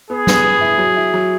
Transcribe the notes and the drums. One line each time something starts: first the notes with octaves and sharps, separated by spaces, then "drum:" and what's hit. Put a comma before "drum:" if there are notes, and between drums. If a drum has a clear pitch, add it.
B3 G#4
B3, drum: snare
B3
E4
F#3
E4
F#3